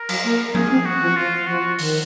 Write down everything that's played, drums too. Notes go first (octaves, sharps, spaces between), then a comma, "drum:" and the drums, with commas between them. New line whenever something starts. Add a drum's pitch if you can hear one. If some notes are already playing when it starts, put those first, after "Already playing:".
Already playing: A#4
F#3, drum: cymbal
A#3
A#3 G#4, drum: tom F3
C4
F#4
F3
F3 F4
F3 F#4
D#3, drum: open hi-hat